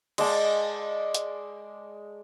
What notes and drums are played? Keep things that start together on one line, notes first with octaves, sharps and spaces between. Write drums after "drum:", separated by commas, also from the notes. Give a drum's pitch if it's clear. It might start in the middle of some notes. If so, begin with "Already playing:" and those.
G#3 D5 A5 D6, drum: cymbal
drum: hi-hat